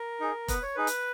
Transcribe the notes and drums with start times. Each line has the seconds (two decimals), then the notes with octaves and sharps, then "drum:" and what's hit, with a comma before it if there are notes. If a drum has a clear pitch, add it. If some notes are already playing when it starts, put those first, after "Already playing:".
Already playing: A#4
0.20 D#4 G#4
0.48 B3 B4, drum: kick E1, hi-hat
0.63 C#5
0.75 D#4 G#4 B4
0.87 drum: hi-hat